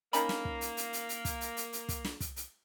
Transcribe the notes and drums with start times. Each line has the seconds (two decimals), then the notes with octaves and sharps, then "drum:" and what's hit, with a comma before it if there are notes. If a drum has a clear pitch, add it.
0.13 D#3 A#3 C#4 B5, drum: hi-hat
0.29 drum: snare
0.45 drum: kick
0.61 drum: hi-hat
0.77 drum: hi-hat
0.93 drum: hi-hat
1.09 drum: hi-hat
1.25 drum: kick, hi-hat
1.41 drum: hi-hat
1.57 drum: hi-hat
1.73 drum: hi-hat
1.89 drum: kick, hi-hat
2.05 drum: snare
2.20 drum: kick, hi-hat
2.36 drum: hi-hat